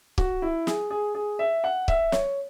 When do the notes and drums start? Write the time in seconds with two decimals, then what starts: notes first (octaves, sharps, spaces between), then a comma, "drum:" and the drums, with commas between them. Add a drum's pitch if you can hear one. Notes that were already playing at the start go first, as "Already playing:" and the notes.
0.18 F#4, drum: kick C#1
0.42 E4
0.67 G#4, drum: snare
0.91 G#4
1.15 G#4
1.39 E5
1.64 F#5
1.88 E5, drum: kick C#1
2.12 C#5, drum: snare